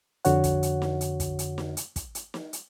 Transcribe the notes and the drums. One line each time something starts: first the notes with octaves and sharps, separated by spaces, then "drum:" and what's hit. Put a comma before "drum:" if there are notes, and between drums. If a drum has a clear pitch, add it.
F2 D3 F#4 C#5 F#5, drum: hi-hat
drum: kick, hi-hat
drum: hi-hat
drum: snare
drum: hi-hat
drum: kick, hi-hat
drum: hi-hat
drum: snare
drum: hi-hat
drum: kick, hi-hat
drum: hi-hat
drum: snare
drum: hi-hat